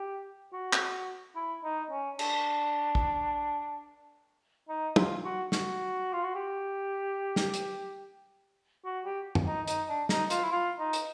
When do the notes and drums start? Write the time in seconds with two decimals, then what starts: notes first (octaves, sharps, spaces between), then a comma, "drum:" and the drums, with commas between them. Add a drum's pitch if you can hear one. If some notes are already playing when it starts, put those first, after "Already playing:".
Already playing: G4
0.53 F#4
0.73 drum: clap
1.35 E4
1.64 D#4
1.91 C#4
2.19 D4, drum: cymbal
2.95 drum: kick
4.69 D#4
4.96 F4, drum: tom
5.24 F#4
5.52 F#4, drum: snare
6.13 F4
6.24 F#4
6.35 G4
7.36 drum: snare
7.54 drum: hi-hat
8.85 F#4
9.05 G4
9.35 drum: tom
9.47 D#4
9.68 D#4, drum: hi-hat
9.89 D4
10.09 D#4, drum: snare
10.30 F4, drum: hi-hat
10.44 E4
10.51 F4
10.79 D#4
10.93 drum: hi-hat